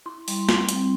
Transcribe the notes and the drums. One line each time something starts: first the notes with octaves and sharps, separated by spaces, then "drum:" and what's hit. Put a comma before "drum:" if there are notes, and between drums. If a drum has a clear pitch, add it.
E4 C6
G3, drum: open hi-hat
G3, drum: snare
C4, drum: hi-hat